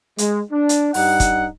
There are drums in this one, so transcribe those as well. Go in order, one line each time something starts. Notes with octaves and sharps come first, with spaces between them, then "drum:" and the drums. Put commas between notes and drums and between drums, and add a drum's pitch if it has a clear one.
G#3, drum: hi-hat
D4
drum: hi-hat
G2 G3 D#4 F#5, drum: open hi-hat
drum: kick, hi-hat